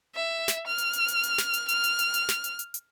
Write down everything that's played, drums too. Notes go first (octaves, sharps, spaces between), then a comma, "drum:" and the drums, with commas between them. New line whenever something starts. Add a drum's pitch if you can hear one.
E5
drum: snare
F6
drum: hi-hat
drum: hi-hat
drum: hi-hat
drum: hi-hat
drum: snare
drum: hi-hat
F6, drum: hi-hat
drum: hi-hat
drum: hi-hat
drum: hi-hat
drum: snare
drum: hi-hat
drum: hi-hat
drum: hi-hat